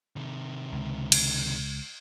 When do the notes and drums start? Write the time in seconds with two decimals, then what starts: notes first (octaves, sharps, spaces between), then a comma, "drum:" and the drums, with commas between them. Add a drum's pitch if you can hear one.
0.16 C3 D#3
0.72 C#2
1.12 drum: cymbal